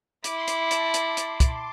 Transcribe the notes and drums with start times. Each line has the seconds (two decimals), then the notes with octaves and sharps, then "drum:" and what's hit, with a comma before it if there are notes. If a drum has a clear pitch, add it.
0.24 E4 D6, drum: hi-hat
0.36 C6
0.48 D6, drum: hi-hat
0.71 A5, drum: hi-hat
0.94 drum: hi-hat
1.17 drum: hi-hat
1.40 drum: kick, hi-hat